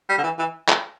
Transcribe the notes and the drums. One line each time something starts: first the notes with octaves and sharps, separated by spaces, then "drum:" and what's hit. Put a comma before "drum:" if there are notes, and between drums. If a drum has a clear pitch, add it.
G3
D3
E3
E3
drum: clap